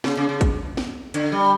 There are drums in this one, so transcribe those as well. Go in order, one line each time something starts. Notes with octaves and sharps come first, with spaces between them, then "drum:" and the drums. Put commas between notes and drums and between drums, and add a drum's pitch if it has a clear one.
C#3, drum: snare
C#3
C#3
drum: kick, hi-hat
drum: snare
D3, drum: hi-hat
G3